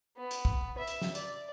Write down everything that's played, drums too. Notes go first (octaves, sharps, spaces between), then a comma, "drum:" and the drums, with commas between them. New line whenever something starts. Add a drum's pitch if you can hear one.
B3
drum: hi-hat
drum: kick
E5
drum: hi-hat
drum: snare
D5, drum: hi-hat